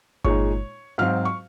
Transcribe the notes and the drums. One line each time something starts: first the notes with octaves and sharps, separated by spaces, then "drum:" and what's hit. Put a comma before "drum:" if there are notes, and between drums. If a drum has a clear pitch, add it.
A#2 G#3 D#4 C#5 C#6, drum: kick G1
G#2 F#3 C4 F5 F6
C#6